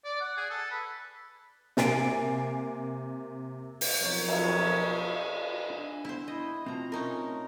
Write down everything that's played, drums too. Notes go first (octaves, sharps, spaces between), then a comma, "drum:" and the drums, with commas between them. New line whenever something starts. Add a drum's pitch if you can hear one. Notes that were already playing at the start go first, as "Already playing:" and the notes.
D5
F#5
G#4
A4
B4
C3 A#3 G#5 A6 C7 D7, drum: snare
drum: open hi-hat
B1 F3 C4 A#4 C#5
drum: cymbal
D4 G#5
B3 E4 C5
E4 D#5
B2 A3 C4 F4 A#5
C#4 D#4 A#4